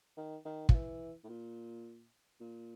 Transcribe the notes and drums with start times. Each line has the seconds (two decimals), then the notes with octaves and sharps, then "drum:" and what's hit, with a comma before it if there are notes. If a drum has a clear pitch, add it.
0.17 D#3
0.45 D#3
0.69 F3, drum: kick
0.74 E3
1.24 A2
1.29 A#2
2.40 A#2